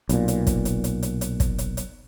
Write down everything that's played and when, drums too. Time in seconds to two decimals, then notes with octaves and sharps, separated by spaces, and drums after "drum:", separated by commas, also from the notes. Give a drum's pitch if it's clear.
0.09 B1 A#2, drum: hi-hat
0.28 drum: hi-hat
0.47 drum: kick, hi-hat
0.65 drum: hi-hat
0.84 drum: hi-hat
1.03 drum: hi-hat
1.21 drum: hi-hat
1.40 drum: kick, hi-hat
1.58 drum: hi-hat
1.77 drum: hi-hat